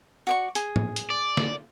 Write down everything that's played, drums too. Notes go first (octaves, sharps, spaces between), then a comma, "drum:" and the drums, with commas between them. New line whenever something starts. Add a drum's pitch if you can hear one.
F#4 D5 C#6
G#4, drum: hi-hat
drum: tom
drum: hi-hat
D5
drum: snare